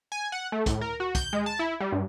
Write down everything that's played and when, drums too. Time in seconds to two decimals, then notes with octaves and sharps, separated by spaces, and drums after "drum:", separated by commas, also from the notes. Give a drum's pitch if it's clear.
0.12 G#5
0.32 F#5
0.52 A3
0.66 A2, drum: kick, hi-hat
0.81 A#4
1.00 F#4
1.15 G6, drum: kick, hi-hat
1.33 G#3
1.46 A5
1.59 E4
1.80 G3
1.92 G2